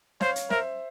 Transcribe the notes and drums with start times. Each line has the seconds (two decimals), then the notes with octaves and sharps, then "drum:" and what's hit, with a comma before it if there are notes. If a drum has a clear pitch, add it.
0.21 C5 C#5 F5, drum: snare
0.36 drum: hi-hat
0.50 A#4 C5 E5, drum: snare